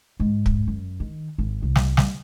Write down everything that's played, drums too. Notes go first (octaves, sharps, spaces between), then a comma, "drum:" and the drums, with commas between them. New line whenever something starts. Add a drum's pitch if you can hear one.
G#2
drum: kick
F#2
D#3
G#1
C2
drum: snare
drum: snare